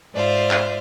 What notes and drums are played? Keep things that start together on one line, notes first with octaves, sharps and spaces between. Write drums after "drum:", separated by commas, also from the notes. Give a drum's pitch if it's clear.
G#2 F4 C5 D5 E5
drum: clap